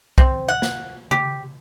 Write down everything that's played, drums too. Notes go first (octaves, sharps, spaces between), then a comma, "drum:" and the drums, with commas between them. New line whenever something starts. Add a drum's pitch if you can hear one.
C4, drum: kick
F#5
drum: snare
G4, drum: tom C#3